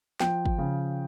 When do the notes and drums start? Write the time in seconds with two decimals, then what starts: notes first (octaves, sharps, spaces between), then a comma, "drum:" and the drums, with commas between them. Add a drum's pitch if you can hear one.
0.20 F3 G5, drum: snare
0.46 drum: kick
0.58 C#3